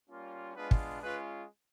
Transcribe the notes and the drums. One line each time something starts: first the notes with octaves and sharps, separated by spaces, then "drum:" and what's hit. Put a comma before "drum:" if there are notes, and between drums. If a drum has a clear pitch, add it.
G3 A#3 C#4 F4
G#3 B3 D4 F4 B4
drum: kick
G#3 C#4 F4 B4